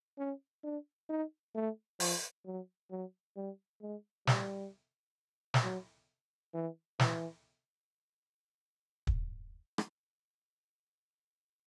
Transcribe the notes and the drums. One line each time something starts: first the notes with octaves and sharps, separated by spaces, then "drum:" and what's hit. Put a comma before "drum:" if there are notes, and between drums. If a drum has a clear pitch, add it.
C#4
D4
D#4
A3
F3, drum: open hi-hat
F#3
F#3
G3
G#3
G3, drum: snare
drum: snare
F#3
E3
E3, drum: snare
drum: kick
drum: rim click